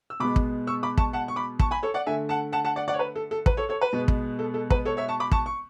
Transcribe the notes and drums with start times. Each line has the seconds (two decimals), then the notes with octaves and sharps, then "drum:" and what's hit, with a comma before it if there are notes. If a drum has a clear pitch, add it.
0.10 E6
0.20 B2 G#3 B3 B5 D6
0.36 drum: kick
0.67 C#6 E6
0.83 B5 D6
0.97 A5 C#6, drum: kick
1.13 F#5 A5
1.28 C#6
1.36 B5 D6
1.59 A5 C#6, drum: kick
1.71 G#5 B5
1.83 A4 C#5
1.94 D5 F#5
2.06 D3 A3 E5 G#5
2.29 F#5 A5
2.52 F#5 A5
2.65 F#5 A5
2.76 D5 F#5
2.88 D5 F#5
2.94 C#5
2.99 B4
3.16 A4
3.31 A4
3.46 B4, drum: kick
3.57 A4 C#5
3.69 A4 C#5
3.81 B4
3.93 B2 G#3 B3
4.08 drum: kick
4.39 A4
4.54 A4
4.70 B4, drum: kick
4.85 A4 C#5
4.97 C#5 E5
5.08 A5 C#6
5.20 B5 D6
5.31 A5 C#6, drum: kick
5.46 C#6